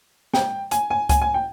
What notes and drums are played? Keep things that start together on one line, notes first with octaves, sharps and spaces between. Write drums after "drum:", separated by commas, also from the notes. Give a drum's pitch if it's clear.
G5, drum: snare
G#5, drum: hi-hat
G#5
G#5, drum: kick C#2, hi-hat
G#5
G5